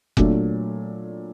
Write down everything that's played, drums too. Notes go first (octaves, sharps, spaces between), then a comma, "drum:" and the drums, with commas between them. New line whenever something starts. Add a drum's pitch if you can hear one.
A#2 F#3 A3 D4, drum: kick F1